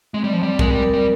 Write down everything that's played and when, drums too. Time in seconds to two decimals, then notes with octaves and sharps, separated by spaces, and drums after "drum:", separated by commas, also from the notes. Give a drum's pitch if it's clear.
0.14 G#3 C4
0.24 G3
0.33 F3
0.37 C4
0.43 G3
0.59 G#3 A#4, drum: kick
0.70 G3
0.82 A#4
0.93 G3